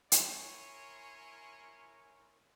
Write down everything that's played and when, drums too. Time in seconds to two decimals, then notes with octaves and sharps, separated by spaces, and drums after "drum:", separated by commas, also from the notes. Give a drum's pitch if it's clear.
0.12 E4 A#4 C#5 G#5 C6, drum: hi-hat